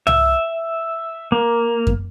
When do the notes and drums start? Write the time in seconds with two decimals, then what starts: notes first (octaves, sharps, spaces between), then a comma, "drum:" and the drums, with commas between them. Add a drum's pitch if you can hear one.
0.07 E5, drum: tom C2
1.32 A#3
1.87 drum: kick F#2